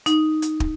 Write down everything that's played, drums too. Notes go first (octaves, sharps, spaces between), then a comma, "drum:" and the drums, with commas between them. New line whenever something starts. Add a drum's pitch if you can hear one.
D#4, drum: hi-hat
drum: hi-hat
drum: kick